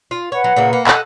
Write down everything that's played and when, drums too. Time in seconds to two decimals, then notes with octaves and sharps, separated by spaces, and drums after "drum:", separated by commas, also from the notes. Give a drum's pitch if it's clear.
0.11 F4
0.32 B4 C#5 F#5
0.44 F#3
0.56 A#2 C#3 A#3
0.73 A#3
0.87 A4 D#5 F#5, drum: clap